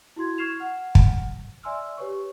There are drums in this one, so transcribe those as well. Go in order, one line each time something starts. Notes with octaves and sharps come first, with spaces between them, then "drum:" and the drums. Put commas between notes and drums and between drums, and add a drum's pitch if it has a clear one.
E4 F#4 C6 G#6
C#6 F6 G#6 C7 E7 F7
F#5 F6
drum: kick
D5 E5 G#5 C6 E6 F6
G4 B4 C#5 C#6